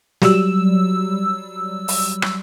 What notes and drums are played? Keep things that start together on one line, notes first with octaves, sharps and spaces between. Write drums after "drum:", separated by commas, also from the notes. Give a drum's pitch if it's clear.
F#3 G3 E6, drum: snare
drum: open hi-hat
drum: rim click